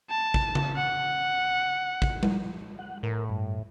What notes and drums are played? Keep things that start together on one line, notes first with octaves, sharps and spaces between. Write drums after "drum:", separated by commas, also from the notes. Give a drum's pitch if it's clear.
A5
drum: kick A1
drum: tom C#3
F#5
drum: kick A1
drum: tom G3
F#5
A2 A#4
G2